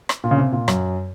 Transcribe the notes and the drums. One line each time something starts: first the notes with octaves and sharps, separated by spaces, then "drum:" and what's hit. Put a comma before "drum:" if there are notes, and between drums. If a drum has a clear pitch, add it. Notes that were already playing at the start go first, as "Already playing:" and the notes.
drum: rim click
A#2
C#3
C3
A#2
F#2, drum: rim click